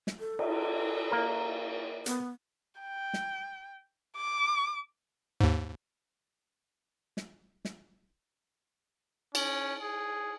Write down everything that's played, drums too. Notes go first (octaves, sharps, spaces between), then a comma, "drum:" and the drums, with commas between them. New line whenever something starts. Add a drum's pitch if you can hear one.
drum: snare
A4
drum: cymbal
A#3 A#4
B3, drum: hi-hat
G5
drum: snare
D6
D#2 G#2
drum: snare
drum: snare
C#4, drum: cymbal
G#4